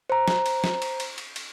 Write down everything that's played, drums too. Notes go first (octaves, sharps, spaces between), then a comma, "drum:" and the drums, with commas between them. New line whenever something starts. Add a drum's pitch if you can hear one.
C5 A#5
drum: snare
drum: cymbal
drum: snare
drum: cymbal
drum: cymbal
drum: cymbal
drum: cymbal